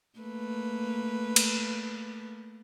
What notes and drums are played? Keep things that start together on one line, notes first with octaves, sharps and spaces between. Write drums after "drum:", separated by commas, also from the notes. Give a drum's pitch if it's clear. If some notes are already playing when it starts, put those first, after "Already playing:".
A3 A#3 B4
drum: cymbal